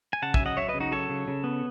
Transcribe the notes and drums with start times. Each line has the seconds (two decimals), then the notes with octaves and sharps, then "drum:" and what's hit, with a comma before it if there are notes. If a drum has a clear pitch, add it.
0.13 G#5
0.22 C#3 F#5 A5
0.34 E5 G#5, drum: kick A#1
0.40 F#3
0.46 D#5 F#5
0.57 F#3 C#5 E5
0.69 B4 D#5
0.74 C#3
0.80 D#4 F#4
0.92 F#3 A4 C#5
1.10 C#3
1.28 C#3
1.44 B3